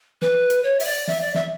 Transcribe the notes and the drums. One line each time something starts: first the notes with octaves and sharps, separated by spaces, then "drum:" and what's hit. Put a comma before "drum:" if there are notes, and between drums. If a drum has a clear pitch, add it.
B4, drum: snare
drum: hi-hat
C#5
E5, drum: open hi-hat
D5
E5, drum: snare
D5
E5, drum: snare